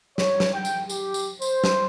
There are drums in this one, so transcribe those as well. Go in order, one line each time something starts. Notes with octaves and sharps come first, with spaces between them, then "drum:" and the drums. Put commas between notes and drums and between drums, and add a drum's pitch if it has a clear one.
C#5, drum: snare
drum: snare
G5
drum: tambourine
G4, drum: tambourine
drum: tambourine
C5, drum: tambourine
drum: snare